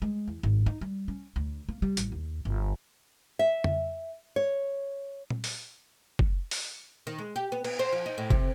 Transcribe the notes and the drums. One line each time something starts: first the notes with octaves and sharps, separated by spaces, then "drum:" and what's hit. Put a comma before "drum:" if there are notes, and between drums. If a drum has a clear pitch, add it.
G#3
E2
G#1
D#4
G3
C#4
D2
A#3
G3
A1, drum: hi-hat
D#2
G1
E5
drum: tom F2
C#5
drum: tom A#2
drum: open hi-hat
drum: kick
drum: open hi-hat
D#3
G#3
G4
B3
B3, drum: cymbal
C5
F3
D#4
A2
C3, drum: kick